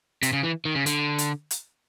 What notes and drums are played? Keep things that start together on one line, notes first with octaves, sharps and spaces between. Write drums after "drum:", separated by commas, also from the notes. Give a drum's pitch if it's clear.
C3, drum: hi-hat
C#3
E3
D#3
C#3
D3, drum: hi-hat
drum: hi-hat
drum: hi-hat